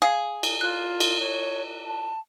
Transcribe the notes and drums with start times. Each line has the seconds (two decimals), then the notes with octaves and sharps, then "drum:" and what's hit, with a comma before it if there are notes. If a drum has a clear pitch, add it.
0.02 G#4 F5
0.43 drum: cymbal
0.61 F4 F#6
1.00 drum: cymbal
1.20 C#5
1.86 A5